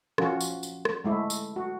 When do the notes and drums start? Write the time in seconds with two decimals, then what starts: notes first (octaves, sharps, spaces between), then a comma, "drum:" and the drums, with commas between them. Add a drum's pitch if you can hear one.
0.18 F3 C#4 F4 F#4, drum: rim click
0.41 drum: tambourine
0.63 drum: tambourine
0.85 drum: rim click
1.04 G#3 A3 E4
1.30 drum: tambourine
1.56 F#4